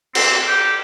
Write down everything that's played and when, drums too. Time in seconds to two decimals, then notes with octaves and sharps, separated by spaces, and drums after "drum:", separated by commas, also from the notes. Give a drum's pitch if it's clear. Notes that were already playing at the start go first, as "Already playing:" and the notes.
0.15 C4, drum: cymbal
0.47 G4